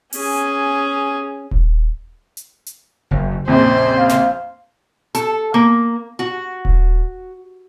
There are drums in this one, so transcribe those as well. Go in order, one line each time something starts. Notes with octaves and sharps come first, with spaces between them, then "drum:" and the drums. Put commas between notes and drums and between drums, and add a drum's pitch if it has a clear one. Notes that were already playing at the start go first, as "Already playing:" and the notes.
C#4 G#4, drum: open hi-hat
drum: kick D#1
drum: hi-hat
drum: hi-hat
F#1
A#1 F2 C#3 C5
F5
drum: snare
A4, drum: hi-hat
A#3
F#4
drum: kick D#1